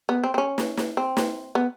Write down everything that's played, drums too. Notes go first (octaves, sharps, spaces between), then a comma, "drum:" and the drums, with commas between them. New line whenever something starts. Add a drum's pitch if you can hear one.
B3
C4
C4
C#4
drum: snare
drum: snare
C4
drum: snare
B3